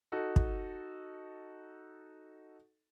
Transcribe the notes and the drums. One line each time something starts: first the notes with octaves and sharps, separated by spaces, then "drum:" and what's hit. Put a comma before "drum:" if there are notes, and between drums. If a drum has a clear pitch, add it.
D#4 F#4 A4
drum: kick